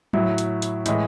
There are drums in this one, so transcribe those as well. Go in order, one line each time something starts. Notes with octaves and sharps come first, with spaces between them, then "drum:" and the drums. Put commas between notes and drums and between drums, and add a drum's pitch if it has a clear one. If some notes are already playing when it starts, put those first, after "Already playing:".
A2 F#3 E4, drum: tom F#3
drum: hi-hat
drum: hi-hat
A2 E3 G#3, drum: hi-hat